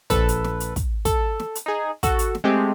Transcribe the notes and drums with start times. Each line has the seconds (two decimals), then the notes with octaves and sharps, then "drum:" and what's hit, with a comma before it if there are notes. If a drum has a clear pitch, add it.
0.10 A#1 A4 B4, drum: kick, hi-hat
0.29 drum: hi-hat
0.44 drum: snare
0.60 drum: hi-hat
0.76 drum: kick, hi-hat
1.05 A4, drum: kick, hi-hat
1.40 drum: snare
1.55 drum: hi-hat
1.66 D#4 G#4
2.03 F#4 A4, drum: kick, hi-hat
2.19 drum: hi-hat
2.35 drum: snare
2.44 G#3 A3 C4 G4